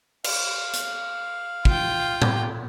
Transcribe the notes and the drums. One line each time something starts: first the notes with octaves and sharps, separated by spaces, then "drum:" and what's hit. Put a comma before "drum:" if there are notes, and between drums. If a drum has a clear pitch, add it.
F5, drum: cymbal
drum: hi-hat
F4 G5, drum: kick
G4, drum: tom A2